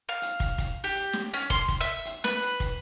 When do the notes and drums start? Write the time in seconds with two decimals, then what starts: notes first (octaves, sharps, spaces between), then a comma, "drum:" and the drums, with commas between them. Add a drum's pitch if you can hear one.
0.09 F5
0.22 drum: hi-hat
0.40 drum: kick, hi-hat
0.58 drum: kick, hi-hat
0.84 G4
0.95 drum: hi-hat
1.13 drum: snare
1.33 C#4, drum: hi-hat
1.50 C6, drum: kick, hi-hat
1.68 drum: kick, hi-hat
1.81 E5
2.05 drum: hi-hat
2.24 B4, drum: snare
2.42 drum: hi-hat
2.60 drum: kick, hi-hat